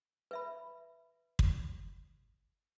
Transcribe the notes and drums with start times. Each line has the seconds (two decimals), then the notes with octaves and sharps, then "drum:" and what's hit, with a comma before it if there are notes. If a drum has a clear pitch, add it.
0.31 B4 E5 B5
1.39 drum: kick